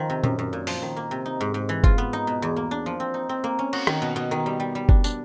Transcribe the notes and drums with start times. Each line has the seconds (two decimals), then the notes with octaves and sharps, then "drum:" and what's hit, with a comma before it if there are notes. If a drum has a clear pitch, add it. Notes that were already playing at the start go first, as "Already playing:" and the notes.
Already playing: D#3 F3
0.10 C3
0.24 F#2, drum: tom A#2
0.39 F#2
0.53 A#2
0.67 F3, drum: open hi-hat
0.82 D#3
0.96 A#3
1.11 C3
1.26 D#4
1.41 G#2
1.54 G#2
1.69 E3
1.84 F4, drum: kick F#1
1.98 B3
2.13 D#4
2.27 B2
2.42 E2
2.56 A#3
2.71 D4
2.86 F3
3.00 C4
3.14 D#4
3.29 C4
3.44 A#3
3.59 C#4
3.73 F#4, drum: cymbal
3.87 D#3, drum: rim click
4.02 B2
4.16 B2
4.31 D#3
4.46 G3
4.60 G3
4.75 G3
4.89 D4, drum: kick F#1
5.04 D4, drum: tambourine